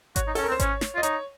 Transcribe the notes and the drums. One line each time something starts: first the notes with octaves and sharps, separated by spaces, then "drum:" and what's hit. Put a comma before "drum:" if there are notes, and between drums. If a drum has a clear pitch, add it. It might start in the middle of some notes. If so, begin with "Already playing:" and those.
F#4 C#5, drum: kick G#1, hi-hat
D#4
C#4 A4, drum: open hi-hat
A#4
C4
C5
C#4 C#5, drum: kick G#1, hi-hat
drum: snare
F4 D#5
D#4 C#5, drum: hi-hat